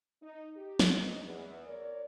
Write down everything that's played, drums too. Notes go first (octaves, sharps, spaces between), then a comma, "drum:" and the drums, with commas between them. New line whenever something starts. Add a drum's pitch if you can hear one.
D#4
G4
drum: snare
G2 D#4
E2
A#4 C#5 D5